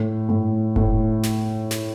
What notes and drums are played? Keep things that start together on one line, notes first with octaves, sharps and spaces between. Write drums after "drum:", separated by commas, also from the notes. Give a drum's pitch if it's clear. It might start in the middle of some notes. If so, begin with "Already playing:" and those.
Already playing: A2
A2
A2, drum: kick F1
drum: snare
drum: snare